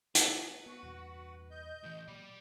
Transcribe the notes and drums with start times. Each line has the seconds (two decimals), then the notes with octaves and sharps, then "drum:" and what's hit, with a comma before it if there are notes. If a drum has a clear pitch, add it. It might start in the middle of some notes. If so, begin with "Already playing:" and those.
0.15 G#4 B4, drum: hi-hat
0.66 B3 F#4 F#5
0.83 E2 G2 A#2
1.51 D#5 G6
1.84 A2 E3
2.08 A#2 D5 B5 D6